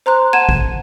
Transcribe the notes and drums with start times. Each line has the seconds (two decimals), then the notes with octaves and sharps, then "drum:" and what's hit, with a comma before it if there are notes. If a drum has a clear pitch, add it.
0.06 C5 A#5 C6 F#6
0.33 F#5 A5 G#6 D#7 E7
0.49 drum: kick